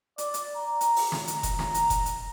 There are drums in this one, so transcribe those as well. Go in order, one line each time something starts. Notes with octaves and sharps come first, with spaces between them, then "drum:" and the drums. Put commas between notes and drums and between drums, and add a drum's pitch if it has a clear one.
D5, drum: hi-hat
drum: hi-hat
A#5
drum: hi-hat
drum: open hi-hat
drum: snare
drum: hi-hat
drum: kick F1, hi-hat
drum: snare
drum: hi-hat
drum: kick F1, hi-hat
drum: hi-hat